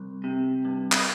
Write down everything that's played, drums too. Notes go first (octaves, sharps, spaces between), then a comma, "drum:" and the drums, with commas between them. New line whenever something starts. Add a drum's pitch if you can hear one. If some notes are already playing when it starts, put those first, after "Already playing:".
Already playing: C2
C3
G2
drum: clap